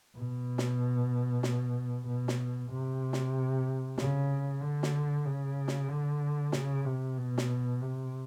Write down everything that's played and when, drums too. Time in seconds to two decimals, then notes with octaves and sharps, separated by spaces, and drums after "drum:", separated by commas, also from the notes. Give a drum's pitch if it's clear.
0.15 B2
0.58 drum: snare
1.43 drum: snare
2.07 B2
2.28 drum: snare
2.71 C3
3.13 drum: snare
3.98 C#3, drum: snare
4.61 D3
4.83 drum: snare
5.25 C#3
5.68 drum: snare
5.89 D3
6.52 C#3, drum: snare
6.85 C3
7.16 B2
7.38 drum: snare
7.81 C3